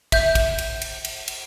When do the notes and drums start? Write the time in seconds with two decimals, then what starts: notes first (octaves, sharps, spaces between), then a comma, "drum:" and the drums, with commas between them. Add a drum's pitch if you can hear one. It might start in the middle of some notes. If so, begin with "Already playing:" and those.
0.12 E5 G6, drum: kick, cymbal
0.35 drum: kick, cymbal
0.58 drum: cymbal
0.82 drum: cymbal
1.05 drum: cymbal
1.28 drum: cymbal